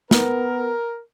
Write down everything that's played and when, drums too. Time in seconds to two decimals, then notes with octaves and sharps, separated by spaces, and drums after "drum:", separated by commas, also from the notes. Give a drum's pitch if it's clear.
0.11 B3 A#4, drum: snare